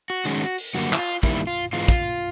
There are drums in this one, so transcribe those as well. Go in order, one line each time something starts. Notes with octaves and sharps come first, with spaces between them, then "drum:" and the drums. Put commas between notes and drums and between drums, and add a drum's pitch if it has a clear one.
F#4
D#3 G#3 C#4, drum: hi-hat
drum: open hi-hat
F#2 D3 G3 A#3 F#4
E4, drum: clap
F4
D#3 G3 A#3 E4, drum: kick
F4
G#2 E3 G#3 F4
drum: kick, hi-hat